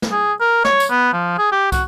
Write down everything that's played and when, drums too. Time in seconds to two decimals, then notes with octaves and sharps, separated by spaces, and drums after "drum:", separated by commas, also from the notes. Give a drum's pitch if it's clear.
0.02 drum: snare
0.12 G#4
0.41 A#4
0.65 C#5, drum: snare
0.80 drum: tambourine
0.90 B3
1.13 F3
1.38 G#4
1.52 G4
1.72 F#4, drum: kick, tambourine